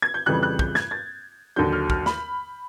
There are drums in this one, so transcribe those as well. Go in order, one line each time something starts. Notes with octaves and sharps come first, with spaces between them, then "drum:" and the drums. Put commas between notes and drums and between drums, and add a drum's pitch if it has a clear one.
G#6
G6
F2 C#3 E3 G3 F#6
F#6
G6, drum: kick
G#6, drum: snare
A6
D#2 D3 F#3 G6
F6
F6, drum: kick
B5, drum: snare